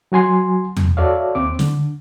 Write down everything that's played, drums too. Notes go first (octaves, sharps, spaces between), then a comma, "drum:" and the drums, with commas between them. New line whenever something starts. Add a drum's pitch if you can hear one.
F#3 F#4 G#5 C6
drum: tom E2
F#4 A4 C#5 D5 E5 F5
D#2 C4 D6
D3, drum: snare